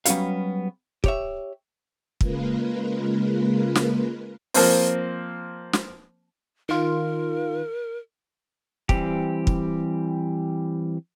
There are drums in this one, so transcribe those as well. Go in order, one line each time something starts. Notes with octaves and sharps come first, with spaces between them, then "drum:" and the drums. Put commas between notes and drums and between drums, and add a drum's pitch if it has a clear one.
F#3 G3 B3 C#4 F#4 F5, drum: hi-hat
G4 C#5 E5, drum: kick
C#3 G#3 A#3 F4 A#4 B4, drum: kick
drum: snare
F3 A#3 C4, drum: open hi-hat
drum: snare
D#3 F4 A#4
E3 G3 C4 G4, drum: kick
drum: kick